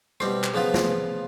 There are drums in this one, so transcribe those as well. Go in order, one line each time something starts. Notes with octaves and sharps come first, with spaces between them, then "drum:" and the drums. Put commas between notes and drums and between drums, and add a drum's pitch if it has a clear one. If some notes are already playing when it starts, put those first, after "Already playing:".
B2 G3 C4, drum: rim click
drum: clap
C#3 F3 B3 F4
drum: snare